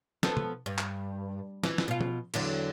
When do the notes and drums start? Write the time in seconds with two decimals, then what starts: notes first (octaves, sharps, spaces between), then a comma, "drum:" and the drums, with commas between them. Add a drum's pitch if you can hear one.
0.23 F3 B3 A4, drum: snare
0.37 drum: tom C3
0.66 G2
0.78 drum: clap
1.64 E3, drum: snare
1.78 drum: snare
1.88 B2 F4
2.01 drum: tom F3
2.34 E2 D3 F#3, drum: cymbal